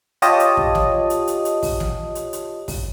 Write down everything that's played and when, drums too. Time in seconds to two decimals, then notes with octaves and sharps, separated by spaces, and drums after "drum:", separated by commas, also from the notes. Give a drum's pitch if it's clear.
0.22 F4 G4 C#5 D#5 A5 D#6, drum: hi-hat
0.40 drum: hi-hat
0.57 drum: kick
0.75 drum: snare
1.10 drum: hi-hat
1.27 drum: hi-hat
1.45 drum: hi-hat
1.63 drum: kick, open hi-hat
1.80 drum: snare
2.15 drum: hi-hat
2.33 drum: hi-hat
2.68 drum: kick, open hi-hat